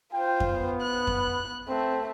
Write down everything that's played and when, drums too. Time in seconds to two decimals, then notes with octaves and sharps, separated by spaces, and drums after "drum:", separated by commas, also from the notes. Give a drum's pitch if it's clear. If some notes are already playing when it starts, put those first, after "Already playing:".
0.13 F4 C5 G5
0.40 drum: kick F2
0.50 B3
0.81 F#6
1.07 drum: kick F2
1.69 A3 C4